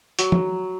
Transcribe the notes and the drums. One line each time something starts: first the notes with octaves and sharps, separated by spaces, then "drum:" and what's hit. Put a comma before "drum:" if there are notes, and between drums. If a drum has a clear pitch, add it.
F#3, drum: hi-hat
drum: tom